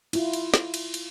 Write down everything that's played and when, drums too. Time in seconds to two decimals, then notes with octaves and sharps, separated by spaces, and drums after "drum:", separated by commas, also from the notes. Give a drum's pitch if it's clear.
0.13 E4 F4, drum: cymbal
0.33 drum: cymbal
0.54 drum: snare
0.74 drum: cymbal
0.94 drum: cymbal